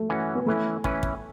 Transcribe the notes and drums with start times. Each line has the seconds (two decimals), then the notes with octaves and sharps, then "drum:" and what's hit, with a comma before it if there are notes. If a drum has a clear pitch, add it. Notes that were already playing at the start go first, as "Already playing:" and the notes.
Already playing: A3
0.09 E3 C#4 F#4
0.35 B3
0.46 E3 A3 C#4 E4 B4
0.84 E3 C#4 E4 B4, drum: kick
1.03 drum: kick